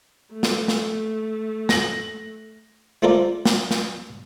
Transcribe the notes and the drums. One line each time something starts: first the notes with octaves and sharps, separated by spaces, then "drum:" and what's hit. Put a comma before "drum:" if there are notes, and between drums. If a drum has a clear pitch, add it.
A3
drum: snare
drum: snare
A#6 F#7, drum: snare
F3 A3 F4 A4 A#4 D5
drum: snare
drum: snare